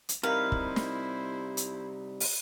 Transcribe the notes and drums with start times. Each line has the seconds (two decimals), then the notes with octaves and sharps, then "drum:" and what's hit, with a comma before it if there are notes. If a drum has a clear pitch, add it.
0.09 drum: hi-hat
0.23 C3 G3 D#4 E4 A#4 C5 F5 A#5
0.52 drum: kick
0.76 drum: snare
1.57 drum: hi-hat
2.20 drum: open hi-hat